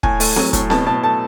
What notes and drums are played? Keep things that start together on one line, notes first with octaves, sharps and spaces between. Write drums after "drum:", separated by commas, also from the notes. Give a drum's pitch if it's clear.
A2 G#5, drum: kick
A3, drum: open hi-hat
F#3, drum: snare C4
A2, drum: kick, hi-hat
B2 A5, drum: snare C4
B2 A5
A3 A5